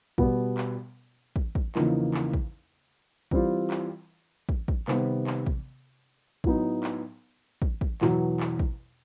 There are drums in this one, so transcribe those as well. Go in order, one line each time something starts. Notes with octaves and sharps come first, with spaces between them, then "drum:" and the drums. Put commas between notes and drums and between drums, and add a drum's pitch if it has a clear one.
B2 G3 B3, drum: kick
drum: clap
drum: kick
drum: kick
E2 C#3 F3 A#3 D#4, drum: clap
drum: clap
drum: kick
E3 G3 C4 F4, drum: kick
drum: clap
drum: kick
drum: kick
C3 D#3 G3 B3, drum: clap
drum: clap
drum: kick
A2 F#3 B3 D#4, drum: kick
drum: clap
drum: kick
drum: kick
E2 B2 F#3, drum: clap
drum: clap
drum: kick